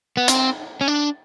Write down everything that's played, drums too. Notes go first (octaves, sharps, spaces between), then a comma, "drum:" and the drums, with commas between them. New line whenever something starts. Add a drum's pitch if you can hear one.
B3
C4, drum: hi-hat
C#4
D4